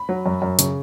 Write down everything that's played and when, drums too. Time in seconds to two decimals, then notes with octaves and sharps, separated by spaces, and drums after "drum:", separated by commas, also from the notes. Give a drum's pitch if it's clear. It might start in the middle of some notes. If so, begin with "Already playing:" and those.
Already playing: B5
0.09 F#3
0.26 F#2
0.42 F#2
0.59 C#3, drum: hi-hat